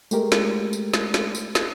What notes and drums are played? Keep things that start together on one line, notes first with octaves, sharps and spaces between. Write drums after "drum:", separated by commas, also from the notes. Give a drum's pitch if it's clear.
G#3 A3 G4 A#4, drum: tambourine
drum: snare
drum: tambourine
drum: snare
drum: snare
drum: tambourine
drum: snare